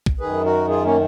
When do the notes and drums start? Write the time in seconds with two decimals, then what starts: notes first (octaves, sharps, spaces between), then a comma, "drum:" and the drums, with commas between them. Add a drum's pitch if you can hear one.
0.06 drum: kick
0.20 F#2 D#3 G#4 B4
0.45 F#4 A#4
0.68 F4 G#4
0.84 A#3 C#4